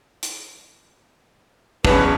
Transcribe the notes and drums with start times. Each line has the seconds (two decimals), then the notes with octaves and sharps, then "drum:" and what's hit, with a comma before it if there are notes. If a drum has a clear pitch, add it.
0.23 drum: hi-hat
1.85 D1 E2 C#4 B4, drum: kick